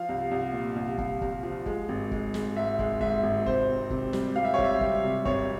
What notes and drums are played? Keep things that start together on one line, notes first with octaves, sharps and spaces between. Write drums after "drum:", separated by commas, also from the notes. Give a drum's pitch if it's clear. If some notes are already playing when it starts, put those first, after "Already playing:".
Already playing: F3 F5
C2
C2
A#2
C2
C2, drum: kick
C2, drum: kick
F3
G#3, drum: kick
G#1
G#3, drum: kick
G#3, drum: snare
G#2 E5
G#3, drum: kick
G#2 E5, drum: kick
G#1
C3 C5, drum: kick
C4
C3, drum: kick
G3, drum: snare
G3 F5
E5
C#5
G3, drum: kick
E5
G3, drum: kick
C3
G#1 C#5, drum: kick